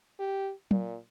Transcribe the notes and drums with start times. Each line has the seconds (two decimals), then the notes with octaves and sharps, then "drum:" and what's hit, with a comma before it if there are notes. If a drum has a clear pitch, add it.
0.19 G4
0.71 A#2, drum: tom F#3